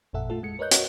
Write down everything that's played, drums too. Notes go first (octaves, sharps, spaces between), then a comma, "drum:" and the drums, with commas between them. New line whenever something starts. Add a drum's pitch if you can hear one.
G#1 F2 A#2 A4 E5 F#5
A3 F4 A4
G#3 C#7
A#4 B4 C#5 D#5 F#6 G6
F#4 A#4 B4 C#5 D#5 F#5, drum: hi-hat